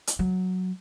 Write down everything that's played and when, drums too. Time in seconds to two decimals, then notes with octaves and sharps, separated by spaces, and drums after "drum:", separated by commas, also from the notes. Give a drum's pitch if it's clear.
0.07 drum: hi-hat
0.19 F#3